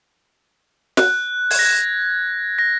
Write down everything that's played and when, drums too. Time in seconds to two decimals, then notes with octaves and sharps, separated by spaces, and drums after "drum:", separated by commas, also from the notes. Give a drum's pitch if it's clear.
0.97 F#6, drum: snare
1.51 G#6, drum: open hi-hat
1.59 A#6
1.65 G#6
2.59 A#6